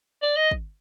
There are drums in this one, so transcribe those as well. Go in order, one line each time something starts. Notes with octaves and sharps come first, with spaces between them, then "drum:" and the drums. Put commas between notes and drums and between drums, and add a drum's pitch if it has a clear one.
D5
D#5
drum: kick